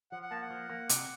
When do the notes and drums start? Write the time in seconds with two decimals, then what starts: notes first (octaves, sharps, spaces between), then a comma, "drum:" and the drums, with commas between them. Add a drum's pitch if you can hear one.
0.12 F3 F#5
0.22 F#5
0.31 A#3 A5
0.41 F#5
0.51 F3
0.70 A#3
0.89 C3, drum: hi-hat